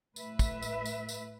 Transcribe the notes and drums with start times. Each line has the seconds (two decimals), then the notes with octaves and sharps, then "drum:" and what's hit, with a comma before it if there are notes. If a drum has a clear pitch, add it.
0.16 A2 B4 E5, drum: tambourine
0.39 drum: kick, tambourine
0.62 drum: tambourine
0.86 drum: tambourine
1.09 drum: tambourine